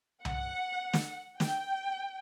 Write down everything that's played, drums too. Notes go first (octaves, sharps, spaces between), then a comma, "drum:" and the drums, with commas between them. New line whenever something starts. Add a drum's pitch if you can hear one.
F#5, drum: tom C2
drum: snare
G5, drum: snare